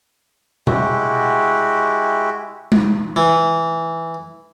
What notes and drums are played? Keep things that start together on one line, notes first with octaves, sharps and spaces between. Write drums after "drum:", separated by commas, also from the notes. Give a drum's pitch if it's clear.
G#3 E4 F#4 G4, drum: tom B2
drum: tom G#3
E3